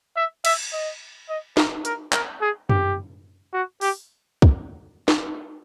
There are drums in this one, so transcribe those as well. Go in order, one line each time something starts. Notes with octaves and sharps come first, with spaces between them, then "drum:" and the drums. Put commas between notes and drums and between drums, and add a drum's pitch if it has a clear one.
E5
E5, drum: cymbal
D#5
D#5
A#4, drum: snare
A#4, drum: hi-hat
A#4, drum: clap
G#4
G4, drum: tom F#2
F#4
G4, drum: open hi-hat
drum: kick
drum: snare